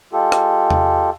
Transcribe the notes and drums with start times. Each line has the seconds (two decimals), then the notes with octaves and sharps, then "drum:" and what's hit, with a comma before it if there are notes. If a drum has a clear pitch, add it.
0.13 G#3 F4 G4 A4
0.32 drum: rim click
0.70 drum: tom E2